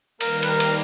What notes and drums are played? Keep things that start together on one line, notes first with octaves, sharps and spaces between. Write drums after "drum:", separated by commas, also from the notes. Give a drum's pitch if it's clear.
D#3 G3 A#3 A#4, drum: cymbal
B4, drum: cymbal
A#4
drum: cymbal